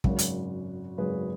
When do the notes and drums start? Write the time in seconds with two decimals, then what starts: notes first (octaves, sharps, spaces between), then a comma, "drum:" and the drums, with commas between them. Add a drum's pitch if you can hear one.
0.04 G#1 F#2 C#3 F#3 F#4, drum: kick
0.19 drum: hi-hat
0.98 G#1 F#2 C#3 F#3 G#4 B4